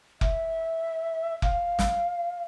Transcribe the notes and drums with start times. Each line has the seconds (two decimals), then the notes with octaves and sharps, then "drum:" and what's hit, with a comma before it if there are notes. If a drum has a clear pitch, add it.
0.21 E5, drum: kick F1
1.42 F5, drum: kick F1
1.79 drum: snare